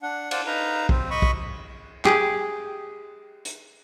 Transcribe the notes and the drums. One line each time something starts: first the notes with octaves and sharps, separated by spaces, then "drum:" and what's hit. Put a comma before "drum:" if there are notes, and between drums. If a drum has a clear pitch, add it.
D4 F#5
C5 D5 F5 F#5 A5, drum: cymbal
D#4 B4 F5 A#5
C4, drum: kick B1
D#5 B5 C#6
drum: kick B1
G4 G#4, drum: clap
drum: hi-hat